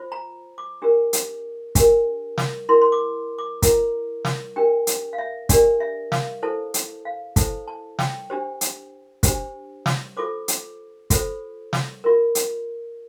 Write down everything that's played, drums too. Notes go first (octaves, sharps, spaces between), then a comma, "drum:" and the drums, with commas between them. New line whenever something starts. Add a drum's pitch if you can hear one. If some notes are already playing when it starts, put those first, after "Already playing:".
Already playing: F4 C5
A#5
D6
D4 G4 A#4
drum: hi-hat
D4 G4 A#4, drum: kick, hi-hat
drum: snare
E4 A#4 C6
C6
D6
D6
E4 A#4 A#5, drum: kick, hi-hat
drum: snare
D4 G4 A#4 G5
drum: hi-hat
F5
E5
D4 G4 A#4 D5, drum: kick, hi-hat
E5
F5, drum: snare
E4 A4 C5 A5
drum: hi-hat
F5
E4 A4 C5 A5, drum: kick, hi-hat
A5
G5, drum: snare
D4 G4 C5
drum: hi-hat
D4 G4 C5, drum: kick, hi-hat
drum: snare
F4 A4 C5 D6
drum: hi-hat
F4 A4 C5, drum: kick, hi-hat
drum: snare
F4 A#4
drum: hi-hat